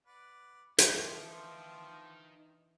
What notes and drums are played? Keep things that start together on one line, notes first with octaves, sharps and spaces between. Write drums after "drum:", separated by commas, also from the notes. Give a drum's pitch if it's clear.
B4 D5 F#5
E3 D4 E4, drum: hi-hat
F3 A3 C4 D#4 F4 G5